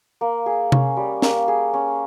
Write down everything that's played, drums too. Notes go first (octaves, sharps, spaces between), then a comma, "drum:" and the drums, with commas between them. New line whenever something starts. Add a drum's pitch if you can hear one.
A#3
G#4
C#4, drum: tom C3
G3
A#3, drum: snare
G#4
C#4